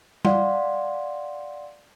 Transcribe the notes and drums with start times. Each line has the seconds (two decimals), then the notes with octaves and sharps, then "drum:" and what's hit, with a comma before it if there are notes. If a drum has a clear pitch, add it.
0.25 D5 F5 F#5 C6, drum: tom G3